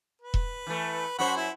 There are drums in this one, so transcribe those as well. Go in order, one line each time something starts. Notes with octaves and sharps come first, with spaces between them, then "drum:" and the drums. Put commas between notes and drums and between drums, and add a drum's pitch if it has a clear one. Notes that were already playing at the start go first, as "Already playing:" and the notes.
B4
drum: kick E1
E3 A3
F#2 F#4 C5 F#5 B5 C#6
E4